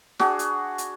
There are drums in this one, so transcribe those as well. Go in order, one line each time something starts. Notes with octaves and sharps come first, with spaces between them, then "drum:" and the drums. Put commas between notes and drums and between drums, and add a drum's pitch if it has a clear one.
D4 F#4 G#4, drum: snare
drum: hi-hat
drum: hi-hat